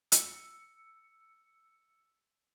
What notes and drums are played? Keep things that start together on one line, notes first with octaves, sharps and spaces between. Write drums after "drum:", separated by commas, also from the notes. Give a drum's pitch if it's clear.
E6 C#7, drum: hi-hat